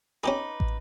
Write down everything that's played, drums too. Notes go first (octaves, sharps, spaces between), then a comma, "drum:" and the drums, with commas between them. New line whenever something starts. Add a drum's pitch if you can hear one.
C#4 D#4 G4 G#4 B4 D6
drum: kick